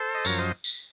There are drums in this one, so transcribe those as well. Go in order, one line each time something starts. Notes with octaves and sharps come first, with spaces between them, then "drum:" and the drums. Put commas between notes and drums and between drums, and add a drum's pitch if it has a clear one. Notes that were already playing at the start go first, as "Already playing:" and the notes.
Already playing: A4 C5
D#5
F#2 F3 A#4 C#5, drum: tambourine
C5 D#5
drum: tambourine